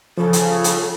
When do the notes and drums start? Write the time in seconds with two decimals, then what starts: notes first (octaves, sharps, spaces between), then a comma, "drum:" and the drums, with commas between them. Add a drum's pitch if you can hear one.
0.18 C#3 F3 F4 A4
0.33 drum: hi-hat
0.64 drum: hi-hat